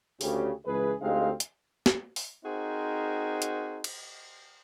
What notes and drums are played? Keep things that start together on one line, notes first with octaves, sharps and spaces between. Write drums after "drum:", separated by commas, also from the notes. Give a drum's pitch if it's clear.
D2 C#3 G4, drum: open hi-hat
C#2 E3 G#4 B4
D2 G#3 C4 D#4 G4 F5
drum: hi-hat
drum: snare
drum: open hi-hat
C4 D#4 F#4 G#4 A#4 C5
drum: hi-hat
drum: cymbal